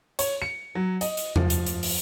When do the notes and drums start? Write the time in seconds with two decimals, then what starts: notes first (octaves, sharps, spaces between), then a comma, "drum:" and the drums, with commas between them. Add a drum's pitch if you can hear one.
0.19 C#5, drum: hi-hat
0.42 C#7
0.75 F#3
1.01 D#5, drum: hi-hat
1.17 drum: hi-hat
1.36 F3, drum: tom E2
1.50 drum: hi-hat
1.66 drum: hi-hat
1.83 drum: open hi-hat